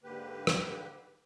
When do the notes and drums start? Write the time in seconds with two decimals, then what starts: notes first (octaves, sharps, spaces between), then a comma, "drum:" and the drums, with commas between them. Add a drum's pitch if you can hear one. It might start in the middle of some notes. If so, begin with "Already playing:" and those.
0.04 G#2 D3 A#3 G4 B4
0.47 drum: rim click